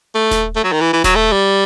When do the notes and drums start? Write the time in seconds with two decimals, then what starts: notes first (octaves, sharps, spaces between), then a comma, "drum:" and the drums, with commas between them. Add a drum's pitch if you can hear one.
0.14 A3
0.31 drum: snare D#1
0.56 A3
0.64 F#3
0.72 D#3
0.81 E3
0.93 E3
1.04 F#3, drum: snare D#1
1.15 A3
1.32 G3